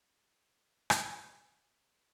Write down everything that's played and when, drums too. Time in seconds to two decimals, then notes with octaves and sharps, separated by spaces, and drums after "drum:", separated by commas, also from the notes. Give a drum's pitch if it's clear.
0.01 B2 G#3
0.90 drum: rim click